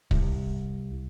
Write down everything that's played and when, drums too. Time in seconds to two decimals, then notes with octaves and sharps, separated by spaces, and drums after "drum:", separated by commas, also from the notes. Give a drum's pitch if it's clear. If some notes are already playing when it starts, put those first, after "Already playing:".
0.11 C2, drum: kick